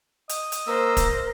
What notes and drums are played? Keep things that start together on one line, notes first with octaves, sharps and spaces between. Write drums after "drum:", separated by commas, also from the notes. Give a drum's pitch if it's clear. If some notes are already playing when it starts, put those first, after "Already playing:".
D#5, drum: hi-hat
drum: hi-hat
A#3 A#4 C5 E6
drum: kick, hi-hat